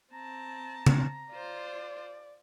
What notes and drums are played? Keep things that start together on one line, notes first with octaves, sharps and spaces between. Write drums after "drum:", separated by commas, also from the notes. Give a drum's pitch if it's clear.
C4 A5 A#5
drum: tom C#3
F4 C5 D5